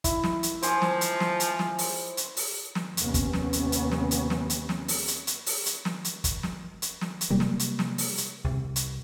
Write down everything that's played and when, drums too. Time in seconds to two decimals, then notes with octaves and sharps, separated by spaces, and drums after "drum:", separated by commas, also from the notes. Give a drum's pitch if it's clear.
0.04 E4, drum: kick, hi-hat
0.24 drum: snare
0.43 drum: hi-hat
0.62 F3 C5 G#5 D6, drum: hi-hat
0.82 drum: snare
1.01 drum: hi-hat
1.20 drum: snare
1.40 drum: hi-hat
1.59 drum: snare
1.78 drum: open hi-hat
2.17 drum: hi-hat
2.37 drum: open hi-hat
2.75 drum: snare
2.97 D#2 C3 B3 C#4, drum: hi-hat
3.14 drum: kick, hi-hat
3.33 drum: snare
3.53 drum: hi-hat
3.72 drum: hi-hat
3.92 drum: snare
4.11 drum: hi-hat
4.30 drum: snare
4.50 drum: hi-hat
4.69 drum: snare
4.88 drum: open hi-hat
5.08 drum: hi-hat
5.27 drum: hi-hat
5.46 drum: open hi-hat
5.66 drum: hi-hat
5.85 drum: snare
6.05 drum: hi-hat
6.24 drum: kick, hi-hat
6.43 drum: snare
6.82 drum: hi-hat
7.01 drum: snare
7.21 drum: hi-hat
7.30 C3 F#3 G3 A#3
7.40 drum: snare
7.59 drum: hi-hat
7.79 drum: snare
7.98 drum: open hi-hat
8.18 drum: hi-hat
8.44 C2 C3
8.76 drum: hi-hat